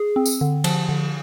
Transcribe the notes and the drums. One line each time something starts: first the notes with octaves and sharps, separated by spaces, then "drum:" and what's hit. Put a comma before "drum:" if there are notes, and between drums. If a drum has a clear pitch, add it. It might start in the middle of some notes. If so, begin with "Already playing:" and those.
Already playing: G#4
C4
drum: tambourine
D3
F3, drum: cymbal
D3